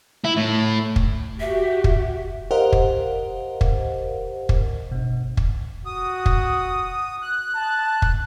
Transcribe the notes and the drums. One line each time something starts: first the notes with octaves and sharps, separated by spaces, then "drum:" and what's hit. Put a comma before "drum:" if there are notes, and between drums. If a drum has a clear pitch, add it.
E4
A2
drum: kick
F#4 G4 E5
drum: kick
G4 A#4 C5 D#5 F5 F#5
drum: kick
drum: kick
drum: kick
G1 B2
drum: kick
F#4 D#6
drum: kick
F#6
A5
drum: kick